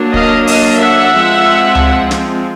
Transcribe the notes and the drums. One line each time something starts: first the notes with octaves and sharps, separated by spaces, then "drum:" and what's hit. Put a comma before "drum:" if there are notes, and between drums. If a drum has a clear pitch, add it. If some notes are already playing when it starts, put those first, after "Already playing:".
Already playing: F#3 A#3 D4
D#5 F5, drum: kick
D#5 F5, drum: open hi-hat
E5 F#5
F3 G#3 C4
drum: tom C#2
drum: snare